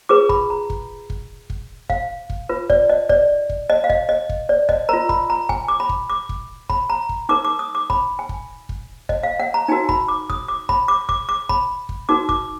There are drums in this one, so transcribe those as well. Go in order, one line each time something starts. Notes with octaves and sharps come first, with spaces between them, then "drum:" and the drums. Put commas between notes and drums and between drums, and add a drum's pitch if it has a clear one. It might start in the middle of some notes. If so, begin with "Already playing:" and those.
F4 G#4 B4 D6
B5, drum: kick
A#5
drum: kick
drum: kick
drum: kick
F5, drum: kick
drum: kick
F4 B4
D5, drum: kick
D#5
D5, drum: kick
drum: kick
D#5
F5
D#5, drum: kick
D#5
drum: kick
D5
D#5, drum: kick
F4 A#4 A#5
B5, drum: kick
A#5
G#5, drum: kick
D6
B5
drum: kick
D6
drum: kick
B5, drum: kick
A#5
drum: kick
D#4 A#4 D6
D6
D#6
D6
B5, drum: kick
G#5
drum: kick
drum: kick
D#5, drum: kick
F5
F#5
A#5
D#4 F#4 A#4 G#5
B5, drum: kick
D6
D#6, drum: kick
D6
B5, drum: kick
D6
D6, drum: kick
D6
B5, drum: kick
drum: kick
D#4 F#4 A#4 D6
D6, drum: kick